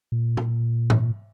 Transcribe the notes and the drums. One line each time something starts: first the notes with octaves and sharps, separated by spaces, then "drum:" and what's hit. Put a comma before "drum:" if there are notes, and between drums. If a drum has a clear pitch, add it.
A#2
drum: tom A#2
drum: tom G#2